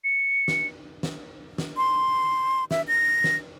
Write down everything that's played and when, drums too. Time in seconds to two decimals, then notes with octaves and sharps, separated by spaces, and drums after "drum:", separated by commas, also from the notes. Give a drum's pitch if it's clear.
0.04 C#7
0.48 drum: snare
1.03 drum: snare
1.58 drum: snare
1.77 C6
2.71 E5, drum: snare
2.88 A#6
3.24 drum: snare